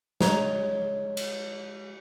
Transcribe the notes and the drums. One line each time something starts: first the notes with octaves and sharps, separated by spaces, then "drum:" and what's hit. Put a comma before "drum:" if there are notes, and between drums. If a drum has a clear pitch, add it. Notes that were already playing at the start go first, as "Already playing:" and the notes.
G#3 C#5 A#5, drum: snare
drum: cymbal